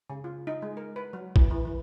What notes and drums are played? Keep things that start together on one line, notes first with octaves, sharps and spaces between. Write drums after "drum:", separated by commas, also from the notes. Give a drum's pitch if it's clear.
C#3
F4
D#4
G#3
A#4
B4
F#3
E3, drum: kick A1
E3
E3